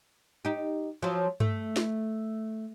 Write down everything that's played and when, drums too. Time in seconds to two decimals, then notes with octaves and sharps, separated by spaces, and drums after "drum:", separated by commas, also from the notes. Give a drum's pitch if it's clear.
0.45 D#4 G4
1.02 F3 F#3
1.40 A3, drum: tom G2
1.76 drum: snare